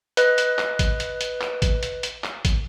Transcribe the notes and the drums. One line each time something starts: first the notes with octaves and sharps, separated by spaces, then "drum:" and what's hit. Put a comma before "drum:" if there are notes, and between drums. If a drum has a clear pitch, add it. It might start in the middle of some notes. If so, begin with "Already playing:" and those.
B4 D#5 F#6, drum: hi-hat
drum: hi-hat
drum: clap
drum: kick, hi-hat
drum: hi-hat
drum: hi-hat
drum: clap
drum: kick, hi-hat
drum: hi-hat
drum: hi-hat
drum: clap
drum: kick, hi-hat